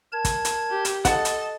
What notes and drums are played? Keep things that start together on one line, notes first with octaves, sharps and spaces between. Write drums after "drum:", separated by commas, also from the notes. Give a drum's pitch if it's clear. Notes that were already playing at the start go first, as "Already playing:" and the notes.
A#4 A5 G#6
drum: kick, hi-hat
drum: hi-hat
G4
drum: hi-hat
A4 D#5 F#5 A5 A6, drum: kick, hi-hat
drum: hi-hat